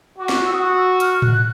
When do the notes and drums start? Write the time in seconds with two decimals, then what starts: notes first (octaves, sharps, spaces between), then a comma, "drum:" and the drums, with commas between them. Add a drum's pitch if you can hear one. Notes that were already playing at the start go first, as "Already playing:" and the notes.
0.18 F#4 D6
0.29 drum: snare
0.46 E6
0.53 F#4 D#6
0.77 E6
1.00 F6, drum: hi-hat
1.22 F#6, drum: tom A2